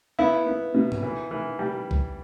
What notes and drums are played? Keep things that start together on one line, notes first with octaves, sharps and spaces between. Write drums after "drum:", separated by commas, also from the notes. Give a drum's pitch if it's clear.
B3 E4
B3
B2
drum: tom
E3
E3
G3
drum: kick B1